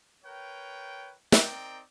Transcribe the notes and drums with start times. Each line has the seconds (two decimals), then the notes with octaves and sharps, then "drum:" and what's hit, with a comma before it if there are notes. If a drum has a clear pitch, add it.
0.24 A#4 B4 C#5 G5
1.32 C4 D#4 A#4 D5 G5, drum: snare